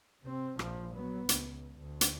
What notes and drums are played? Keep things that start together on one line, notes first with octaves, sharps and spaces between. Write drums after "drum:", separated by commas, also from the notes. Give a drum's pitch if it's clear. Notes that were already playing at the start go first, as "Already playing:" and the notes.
C3 C4
A#1 F3, drum: rim click
F#3 B3
C#2, drum: hi-hat
D2
drum: hi-hat